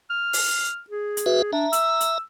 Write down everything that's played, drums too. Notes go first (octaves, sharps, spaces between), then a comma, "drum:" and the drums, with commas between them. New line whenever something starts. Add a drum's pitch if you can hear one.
F6
drum: open hi-hat
G#4
drum: hi-hat
F#4 B4 E5
D4 E5 A#5
E6, drum: hi-hat
drum: hi-hat